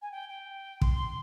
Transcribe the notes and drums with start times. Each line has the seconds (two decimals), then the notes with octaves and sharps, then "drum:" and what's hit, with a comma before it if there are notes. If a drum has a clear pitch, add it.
0.02 G#5
0.12 G5
0.29 G5
0.81 C6, drum: kick